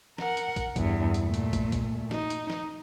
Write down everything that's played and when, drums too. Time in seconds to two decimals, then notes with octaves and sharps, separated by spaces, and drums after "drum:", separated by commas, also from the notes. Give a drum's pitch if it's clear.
0.18 A#4 F#5, drum: snare
0.37 drum: hi-hat
0.56 drum: kick, hi-hat
0.76 E2 G2, drum: kick, hi-hat
1.14 drum: hi-hat
1.24 A#2 A3
1.34 drum: hi-hat
1.53 drum: kick, hi-hat
1.72 drum: kick, hi-hat
2.11 D#4, drum: snare
2.30 drum: hi-hat
2.50 drum: snare